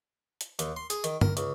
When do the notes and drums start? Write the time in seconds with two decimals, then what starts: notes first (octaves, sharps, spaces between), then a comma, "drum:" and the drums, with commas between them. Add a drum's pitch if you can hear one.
0.41 drum: hi-hat
0.59 D#2, drum: hi-hat
0.77 C6
0.90 G#4, drum: hi-hat
1.04 D#3, drum: hi-hat
1.21 A#4, drum: tom
1.37 C#2, drum: hi-hat